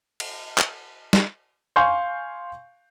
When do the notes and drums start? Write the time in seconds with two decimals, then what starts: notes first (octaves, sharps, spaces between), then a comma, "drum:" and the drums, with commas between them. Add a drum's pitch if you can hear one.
0.20 drum: cymbal
0.58 drum: clap
1.13 drum: snare
1.76 F5 G#5 C6 C#6 G6